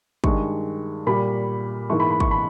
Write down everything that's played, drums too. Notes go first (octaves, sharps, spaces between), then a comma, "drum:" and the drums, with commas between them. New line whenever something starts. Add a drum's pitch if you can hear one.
G2 D#3 G#3 C#6, drum: kick
A#2 G3 A#3 B5
G#2 E3 A#3 C#6
B5
B5
C#6, drum: kick
B5